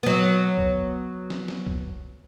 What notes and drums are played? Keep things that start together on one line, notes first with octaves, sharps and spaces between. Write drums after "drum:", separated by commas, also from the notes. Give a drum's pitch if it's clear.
F#3 B3
drum: kick B1
drum: snare
drum: snare
drum: kick B1